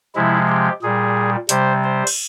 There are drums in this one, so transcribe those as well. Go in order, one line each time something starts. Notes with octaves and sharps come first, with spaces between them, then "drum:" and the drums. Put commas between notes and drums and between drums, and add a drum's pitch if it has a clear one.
C3 F3 G#3 E4
G4
A#2 G3 G#4
C3 G3 C5, drum: hi-hat
C5
drum: cymbal